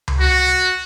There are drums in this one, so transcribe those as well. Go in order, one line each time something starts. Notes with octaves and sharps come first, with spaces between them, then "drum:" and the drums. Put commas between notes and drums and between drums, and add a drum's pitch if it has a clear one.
drum: tom C#2
F#4